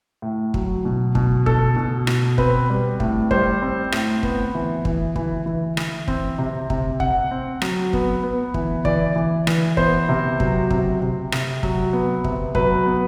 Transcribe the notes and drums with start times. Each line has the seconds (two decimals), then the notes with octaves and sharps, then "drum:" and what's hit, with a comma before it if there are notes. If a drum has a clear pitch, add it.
0.22 A2
0.54 F#3, drum: kick
0.85 B2
1.15 B2, drum: kick
1.46 B2 A4, drum: kick
1.76 B2
2.07 B2, drum: rim click
2.38 C4 B4, drum: kick
2.70 G3
3.00 A2, drum: kick
3.31 G3 C5, drum: kick
3.62 C4
3.92 A2, drum: rim click
4.23 B3, drum: kick
4.55 E3
4.85 E3, drum: kick
5.16 E3, drum: kick
5.46 E3
5.77 E3, drum: rim click
6.08 C4, drum: kick
6.38 C3
6.70 C3, drum: kick
7.00 C4 F#5, drum: kick
7.31 C4
7.62 F#3, drum: rim click
7.93 B3, drum: kick
8.23 B3
8.54 E3, drum: kick
8.85 E3 D5, drum: kick
9.16 E3
9.47 E3, drum: rim click
9.77 B3 C5, drum: kick
10.09 C3
10.40 F#3, drum: kick
10.71 C3, drum: kick
11.01 C3
11.32 C3, drum: rim click
11.63 F#3, drum: kick
11.93 B3
12.24 C3, drum: kick
12.55 F#3 B4, drum: kick
12.86 B3